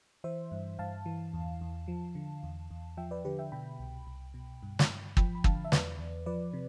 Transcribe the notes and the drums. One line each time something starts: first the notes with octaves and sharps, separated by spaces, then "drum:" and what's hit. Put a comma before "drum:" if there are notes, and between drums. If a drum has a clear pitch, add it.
E3 C5 E5
G2
G2 F5 A5
E3
E2
E2
F3
D3
E2
E2
F3 E5 G5
B4 D5
D3 G4 B4
E5 G5
B2 G5 B5
C2
C2
B2
G2
drum: snare
G2
F3 G5 B5, drum: kick
B5
D3 F5 A5, drum: kick
E5
E2 B4 D5, drum: snare
E2
F3 B4 D5
C3